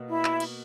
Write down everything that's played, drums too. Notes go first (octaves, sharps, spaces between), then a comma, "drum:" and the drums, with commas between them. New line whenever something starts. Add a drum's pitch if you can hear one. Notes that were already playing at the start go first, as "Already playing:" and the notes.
Already playing: B2 A#3 F#4
E4
drum: clap
drum: cymbal